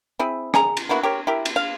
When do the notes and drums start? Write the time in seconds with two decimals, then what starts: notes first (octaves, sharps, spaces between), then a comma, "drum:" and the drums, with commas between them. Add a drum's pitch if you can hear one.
0.19 C4 E4 G#4
0.54 G#4 G#5 A#5, drum: rim click
0.77 drum: cymbal
0.89 A#3 B3 E4 F#4
1.03 G4 A#4 C#5
1.27 E4 G4 A#4
1.45 drum: cymbal
1.56 F5